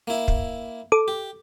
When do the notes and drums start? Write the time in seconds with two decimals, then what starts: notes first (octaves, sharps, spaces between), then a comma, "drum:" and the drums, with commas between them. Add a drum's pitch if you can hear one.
0.07 A#3 E4
0.28 drum: kick
0.92 A4 D6
1.08 G4